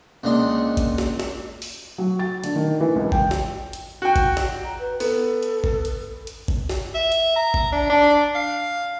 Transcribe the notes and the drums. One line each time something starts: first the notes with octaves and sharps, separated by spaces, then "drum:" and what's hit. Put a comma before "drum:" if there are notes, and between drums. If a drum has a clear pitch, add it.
C#2 A#2 D3 D#5 C6
drum: kick G#1, hi-hat
drum: snare
drum: snare
drum: open hi-hat
F#3
A6
D3, drum: hi-hat
D#3
E3
C#2
G5, drum: kick G#1
drum: snare
drum: hi-hat
F#4 G5
drum: kick G#1, hi-hat
drum: snare
A#5
B4
B3 A4, drum: open hi-hat
drum: hi-hat
drum: kick G#1
drum: hi-hat
drum: hi-hat
drum: kick G#1
drum: snare
E5
drum: hi-hat
A#5
drum: kick G#1
D4
D4
F5